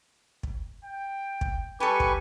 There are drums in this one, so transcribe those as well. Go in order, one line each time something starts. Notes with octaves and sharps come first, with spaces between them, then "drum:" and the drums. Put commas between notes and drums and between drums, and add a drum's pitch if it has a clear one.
drum: kick
G5
drum: kick
G3 G4 A4 B4 G#5 C#6
drum: kick